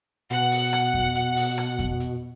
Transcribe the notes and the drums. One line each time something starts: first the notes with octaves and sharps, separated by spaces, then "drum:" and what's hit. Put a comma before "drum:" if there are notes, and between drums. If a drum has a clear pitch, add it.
B2 F#5, drum: hi-hat
drum: open hi-hat
drum: rim click
drum: kick F2
drum: hi-hat
drum: open hi-hat
drum: rim click
drum: kick F2, hi-hat
drum: hi-hat